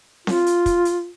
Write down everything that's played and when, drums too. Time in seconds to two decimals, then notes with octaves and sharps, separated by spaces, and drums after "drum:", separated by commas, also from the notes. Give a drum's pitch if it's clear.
0.27 F4, drum: snare C4
0.46 drum: hi-hat
0.66 drum: kick, hi-hat
0.85 drum: hi-hat